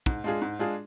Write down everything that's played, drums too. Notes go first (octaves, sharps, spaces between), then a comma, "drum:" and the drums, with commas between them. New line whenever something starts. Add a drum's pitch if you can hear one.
G#2, drum: kick
G#3 D4 F4 G#4
G#2
G#3 D4 F4 G#4